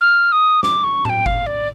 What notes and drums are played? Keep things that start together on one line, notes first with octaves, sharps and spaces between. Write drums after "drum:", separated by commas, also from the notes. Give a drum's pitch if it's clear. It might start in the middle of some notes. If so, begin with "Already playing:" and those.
F6
D#6
D6, drum: snare
C#6
A5, drum: tom A2
G5
F5, drum: kick G1
D5